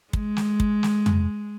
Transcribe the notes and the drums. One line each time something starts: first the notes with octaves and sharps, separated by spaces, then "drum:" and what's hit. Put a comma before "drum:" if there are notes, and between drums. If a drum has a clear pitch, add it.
G#3, drum: kick
drum: snare
drum: kick
drum: snare
drum: tom